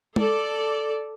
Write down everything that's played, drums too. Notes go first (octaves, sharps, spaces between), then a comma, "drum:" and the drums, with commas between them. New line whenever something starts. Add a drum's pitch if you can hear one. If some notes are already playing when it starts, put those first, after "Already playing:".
A4 D5, drum: tom G#3